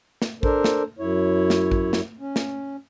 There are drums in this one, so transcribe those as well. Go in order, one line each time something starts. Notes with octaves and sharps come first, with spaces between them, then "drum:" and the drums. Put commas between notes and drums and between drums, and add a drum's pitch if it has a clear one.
drum: snare
D4 A4 A#4 C5, drum: kick A1
drum: snare
F#2 E4 C#5
drum: snare
drum: kick A1
drum: snare
C#4
drum: snare